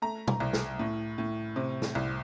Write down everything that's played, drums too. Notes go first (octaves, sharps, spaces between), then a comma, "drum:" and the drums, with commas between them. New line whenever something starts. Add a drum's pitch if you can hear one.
A3 A#5
drum: tom B2
C2
drum: snare
A2
A2
C3
drum: snare
C2